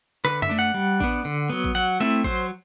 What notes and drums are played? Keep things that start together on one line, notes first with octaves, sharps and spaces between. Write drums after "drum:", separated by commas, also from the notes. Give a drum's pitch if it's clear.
D3 B4
E5, drum: tom F#2
A3 D4
F#5
G3
B3 D4, drum: kick A1
D3
F#3 B3
drum: kick A1
F#3 F#5
A3 C4 E4 E5
F#3 C5, drum: kick A1